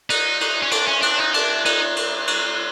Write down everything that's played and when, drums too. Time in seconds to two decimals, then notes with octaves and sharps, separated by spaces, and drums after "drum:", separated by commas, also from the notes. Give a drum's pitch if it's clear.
0.10 D#4, drum: cymbal
0.41 drum: cymbal
0.63 C#4
0.71 D4, drum: cymbal
0.88 C#4
1.02 D4, drum: cymbal
1.19 D#4
1.34 D4, drum: cymbal
1.65 D#4, drum: cymbal
1.96 drum: cymbal
2.27 drum: cymbal